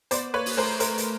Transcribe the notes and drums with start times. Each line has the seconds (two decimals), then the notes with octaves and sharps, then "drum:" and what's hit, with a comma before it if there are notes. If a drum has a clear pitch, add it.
0.11 B3 C5 D5, drum: hi-hat
0.34 A#3 B4 C#5
0.46 drum: open hi-hat
0.57 A3 A#4 C5
0.80 A#4 C5, drum: hi-hat
0.98 drum: hi-hat